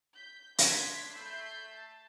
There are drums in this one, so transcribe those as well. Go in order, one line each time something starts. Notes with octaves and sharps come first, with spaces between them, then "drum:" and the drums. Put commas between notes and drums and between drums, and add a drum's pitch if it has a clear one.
G6 B6
D4 B4 C6 G#6 B6, drum: hi-hat
A3 E5 B5 G6 C7
A5